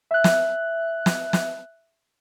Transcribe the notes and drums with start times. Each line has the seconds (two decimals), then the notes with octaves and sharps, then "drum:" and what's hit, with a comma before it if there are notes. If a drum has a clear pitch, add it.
0.11 E5 F#6
0.24 drum: snare
1.06 drum: snare
1.33 drum: snare